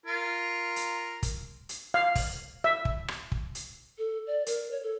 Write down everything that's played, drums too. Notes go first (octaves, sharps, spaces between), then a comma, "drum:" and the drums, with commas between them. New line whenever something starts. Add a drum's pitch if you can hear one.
F4 A#4
drum: hi-hat
drum: kick, hi-hat
drum: hi-hat
F5
drum: kick, open hi-hat
E5
drum: kick
drum: rim click
drum: kick
drum: hi-hat
A4
D5
A#4, drum: hi-hat
C#5
A4